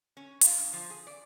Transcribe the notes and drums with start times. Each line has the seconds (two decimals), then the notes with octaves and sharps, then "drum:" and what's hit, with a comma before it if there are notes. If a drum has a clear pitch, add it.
0.17 C#4
0.41 F4, drum: hi-hat
0.58 G2
0.73 F3
0.90 G#4
1.07 D5